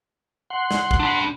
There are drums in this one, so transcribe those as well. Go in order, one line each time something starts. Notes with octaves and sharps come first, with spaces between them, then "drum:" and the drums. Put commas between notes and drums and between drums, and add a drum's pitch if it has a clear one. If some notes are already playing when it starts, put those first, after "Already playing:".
F#5 C6
drum: snare
drum: kick
D4 B5